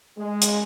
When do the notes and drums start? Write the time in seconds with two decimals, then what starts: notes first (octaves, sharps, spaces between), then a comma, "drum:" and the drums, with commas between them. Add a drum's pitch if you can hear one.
0.18 G#3
0.42 drum: hi-hat